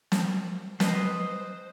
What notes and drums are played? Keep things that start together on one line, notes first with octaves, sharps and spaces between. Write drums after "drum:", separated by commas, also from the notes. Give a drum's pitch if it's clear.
drum: snare
B4 C5 D#5, drum: snare